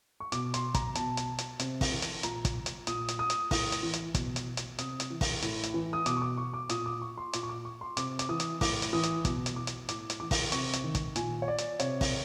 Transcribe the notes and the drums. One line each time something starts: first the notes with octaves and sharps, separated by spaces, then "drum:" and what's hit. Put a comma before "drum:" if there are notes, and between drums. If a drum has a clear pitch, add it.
C#6
B2 D6, drum: hi-hat
C6, drum: hi-hat
A#5, drum: kick, hi-hat
B2 A5, drum: hi-hat
drum: hi-hat
drum: hi-hat
C3, drum: hi-hat
drum: kick, open hi-hat
E3
drum: hi-hat
A#2 A#5, drum: hi-hat
drum: kick, hi-hat
drum: hi-hat
A#2 D#6, drum: hi-hat
drum: hi-hat
D#6
drum: hi-hat
A2 D#6, drum: kick, open hi-hat
drum: hi-hat
E3
drum: hi-hat
B2, drum: kick, hi-hat
drum: hi-hat
drum: hi-hat
C3 D#6, drum: hi-hat
drum: hi-hat
E3
drum: kick, open hi-hat
A2, drum: hi-hat
drum: hi-hat
E3
D#6
B2 D6, drum: hi-hat
C#6
D6
C#6
D6
A#2 D#6, drum: hi-hat
D6
C#6
C6
A#2 D6, drum: hi-hat
C#6
D6
C#6
C6
C3 D6, drum: hi-hat
D6, drum: hi-hat
E3 D#6
drum: hi-hat
A2 D6, drum: kick, open hi-hat
drum: hi-hat
E3 D#6
drum: hi-hat
B2 D6, drum: kick, hi-hat
drum: hi-hat
D6
drum: hi-hat
A2 D6, drum: hi-hat
drum: hi-hat
E3 D6
drum: kick, open hi-hat
C3 C#6, drum: hi-hat
drum: hi-hat
D#3
drum: kick, hi-hat
A#2 G#5, drum: hi-hat
C#5
D5
drum: hi-hat
C3 C#5, drum: hi-hat
drum: kick, open hi-hat